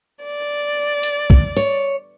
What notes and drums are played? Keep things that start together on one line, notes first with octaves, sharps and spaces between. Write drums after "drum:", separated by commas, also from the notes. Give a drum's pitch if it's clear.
D5
drum: hi-hat
drum: kick
C#5, drum: hi-hat